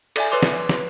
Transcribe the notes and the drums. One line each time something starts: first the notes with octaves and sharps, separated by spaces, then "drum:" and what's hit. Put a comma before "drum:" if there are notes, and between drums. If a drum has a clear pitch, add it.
A4 D5 E5 G#5, drum: cymbal
B4 C#5 C6 D6
drum: snare
drum: snare